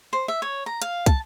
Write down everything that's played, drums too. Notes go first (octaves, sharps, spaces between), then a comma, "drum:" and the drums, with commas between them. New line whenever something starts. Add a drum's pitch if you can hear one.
C5
E5
C#5
A#5
F5, drum: hi-hat
A5, drum: kick, hi-hat